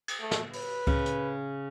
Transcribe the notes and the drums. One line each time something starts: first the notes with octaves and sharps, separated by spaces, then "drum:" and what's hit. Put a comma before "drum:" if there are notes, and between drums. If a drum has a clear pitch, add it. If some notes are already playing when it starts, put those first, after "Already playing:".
drum: cymbal
A3
drum: snare
B4, drum: open hi-hat
C#3, drum: kick C#2
drum: hi-hat